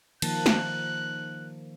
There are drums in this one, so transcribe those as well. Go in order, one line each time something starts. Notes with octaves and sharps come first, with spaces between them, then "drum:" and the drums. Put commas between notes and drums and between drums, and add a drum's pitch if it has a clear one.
D#3 F3 A#3 A5 F#6, drum: cymbal
drum: snare